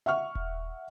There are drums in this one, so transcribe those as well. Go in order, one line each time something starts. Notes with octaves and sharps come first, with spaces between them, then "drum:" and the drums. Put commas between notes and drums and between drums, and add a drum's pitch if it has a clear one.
E5 F#5 C#6 F6
drum: kick D#1